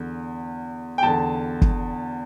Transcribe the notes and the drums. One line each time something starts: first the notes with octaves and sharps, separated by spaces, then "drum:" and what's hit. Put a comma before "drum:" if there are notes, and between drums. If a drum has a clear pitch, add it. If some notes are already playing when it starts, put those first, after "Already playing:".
Already playing: E2 D3
G5
E2 D3 A5
drum: kick